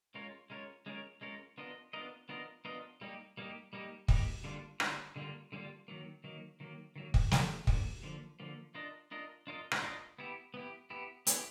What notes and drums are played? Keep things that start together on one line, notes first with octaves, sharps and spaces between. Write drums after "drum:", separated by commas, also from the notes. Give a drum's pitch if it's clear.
G#3 C#4 F4 A#4 C#5
G#3 C#4 F4 A#4 C#5
G#3 C#4 F4 A#4 C#5
G#3 C#4 F4 A#4 C#5
B3 D4 F4 A#4 D#5
B3 D4 F4 A#4 D#5
B3 D4 F4 A#4 D#5
B3 D4 F4 A#4 D#5
G3 A#3 D#4 G4
G3 A#3 D#4 G4
G3 A#3 D#4 G4
G3 A#3 D#4 G4, drum: kick
D3 G3 A#3 D4 F4
D3 G3 A#3 D4 F4, drum: rim click
D3 G3 A#3 D4 F4
D3 G3 A#3 D4 F4
D#3 F#3 A#3
D#3 F#3 A#3
D#3 F#3 A#3
D#3 F#3 A#3
drum: kick
D3 F3 A#3, drum: snare
D3 F3 A#3, drum: kick
D3 F3 A#3
D3 F3 A#3
D4 F4 A#4 D#5
D4 F4 A#4 D#5
D4 F4 A#4 D#5
drum: rim click
D4 F4 A#4 D#5
B3 E4 G4
B3 E4 G4
B3 E4 G4
B3 E4 G4, drum: hi-hat